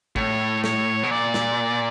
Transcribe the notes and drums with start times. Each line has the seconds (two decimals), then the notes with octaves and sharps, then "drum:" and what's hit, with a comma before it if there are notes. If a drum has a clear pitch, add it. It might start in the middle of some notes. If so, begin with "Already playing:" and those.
0.16 A2 C#5, drum: kick
0.64 C#5, drum: snare
1.03 B2
1.11 A#2 D5
1.34 drum: snare